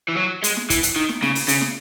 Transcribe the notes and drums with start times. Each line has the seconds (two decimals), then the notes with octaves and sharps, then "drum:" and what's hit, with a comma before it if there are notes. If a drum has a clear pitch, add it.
0.09 E3
0.17 F#3
0.44 G#3, drum: hi-hat
0.57 drum: snare
0.70 E3, drum: kick, hi-hat
0.83 drum: hi-hat
0.96 D#3
1.09 drum: snare
1.22 C#3, drum: snare
1.35 drum: open hi-hat
1.48 C#3, drum: hi-hat
1.61 drum: snare